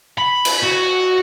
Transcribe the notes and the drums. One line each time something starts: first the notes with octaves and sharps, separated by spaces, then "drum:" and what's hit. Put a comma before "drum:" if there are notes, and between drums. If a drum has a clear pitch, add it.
B5
drum: cymbal
F#4